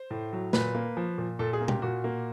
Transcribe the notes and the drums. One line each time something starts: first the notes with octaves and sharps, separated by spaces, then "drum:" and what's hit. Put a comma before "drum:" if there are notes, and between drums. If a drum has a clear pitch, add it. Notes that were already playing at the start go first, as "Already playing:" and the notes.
Already playing: C5
A2
F#3
A#2 B4, drum: snare
A#3
F3
A#2
A#2 A4
G#4
A#3
G4, drum: tom B2
A#2 F#4
A#3